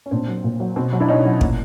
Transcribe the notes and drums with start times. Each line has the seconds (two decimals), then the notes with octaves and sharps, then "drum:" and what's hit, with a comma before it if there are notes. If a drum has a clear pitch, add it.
0.06 C#4
0.11 A#2 C4 D4
0.28 F#3
0.44 A#2
0.60 F#3
0.76 B2 C4
0.92 F#3
1.00 D4 E4
1.08 B2 C#4 D#4
1.25 F#3
1.41 A#2, drum: kick